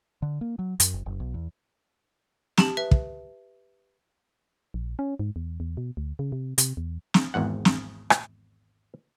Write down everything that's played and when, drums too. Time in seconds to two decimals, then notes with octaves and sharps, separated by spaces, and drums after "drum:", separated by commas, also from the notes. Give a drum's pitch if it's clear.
0.22 D3
0.41 A#3
0.59 F#3
0.80 F#2, drum: hi-hat
0.94 F#1
1.06 F#1
1.20 B1
1.34 E2
2.58 G4 A5 F#7, drum: snare
2.77 B4 E5
2.91 drum: kick
4.74 A#1
4.99 C#4
5.20 G#2
5.36 E2
5.60 E2
5.77 B2
5.97 D2
6.19 C#3
6.32 C3
6.58 C3, drum: hi-hat
6.77 E2
7.14 drum: snare
7.34 G#1 E2 G#2 F#5
7.65 drum: snare
8.10 drum: rim click